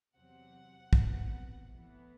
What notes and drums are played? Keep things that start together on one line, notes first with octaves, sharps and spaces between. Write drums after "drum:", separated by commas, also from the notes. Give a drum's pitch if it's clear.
E2 C3 F#3 C4 F#5
C3 F#3 B3, drum: kick
A2 E3 B3